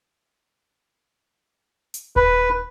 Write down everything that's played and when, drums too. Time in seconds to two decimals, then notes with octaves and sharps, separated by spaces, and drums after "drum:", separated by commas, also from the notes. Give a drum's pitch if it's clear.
1.94 drum: hi-hat
2.16 B4, drum: kick D#1